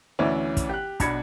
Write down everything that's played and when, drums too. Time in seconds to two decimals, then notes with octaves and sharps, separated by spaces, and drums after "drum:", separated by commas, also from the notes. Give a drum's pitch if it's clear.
0.19 D2 E3 C#4 E4 D5
0.57 drum: kick, hi-hat
0.69 G4 F#6
1.00 B1 B2 D4 B5 G#6 C#7, drum: kick, hi-hat